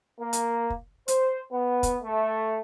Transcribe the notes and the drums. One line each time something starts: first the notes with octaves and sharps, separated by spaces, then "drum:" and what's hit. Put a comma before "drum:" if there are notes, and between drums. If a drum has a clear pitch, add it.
A#3
drum: hi-hat
drum: kick
C5, drum: hi-hat
B3
drum: kick, hi-hat
A3